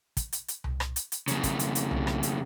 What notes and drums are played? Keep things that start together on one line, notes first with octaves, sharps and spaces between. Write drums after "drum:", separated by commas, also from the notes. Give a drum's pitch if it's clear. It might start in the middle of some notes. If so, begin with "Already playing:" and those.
drum: kick, hi-hat
drum: hi-hat
drum: hi-hat
drum: tom C2
drum: rim click
drum: hi-hat
drum: hi-hat
F2 C#3, drum: hi-hat
drum: kick, hi-hat
drum: hi-hat
drum: hi-hat
drum: tom C2
drum: rim click
drum: hi-hat